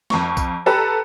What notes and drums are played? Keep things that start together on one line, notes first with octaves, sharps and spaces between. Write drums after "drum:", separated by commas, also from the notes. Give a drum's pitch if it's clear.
F2 C#6, drum: snare
drum: kick B1, tambourine
G4 A4 B4 A5 A#5